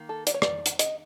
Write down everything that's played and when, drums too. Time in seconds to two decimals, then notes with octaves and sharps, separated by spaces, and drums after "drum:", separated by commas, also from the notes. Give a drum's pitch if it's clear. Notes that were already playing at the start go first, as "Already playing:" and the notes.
Already playing: D#3 A#3
0.09 A4
0.27 D5, drum: hi-hat
0.34 C#5
0.42 D5, drum: rim click
0.66 drum: hi-hat
0.79 D#5, drum: hi-hat